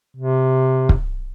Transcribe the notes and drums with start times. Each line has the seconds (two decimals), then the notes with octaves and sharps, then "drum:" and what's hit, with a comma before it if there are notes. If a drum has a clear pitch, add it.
0.17 C3
0.89 drum: kick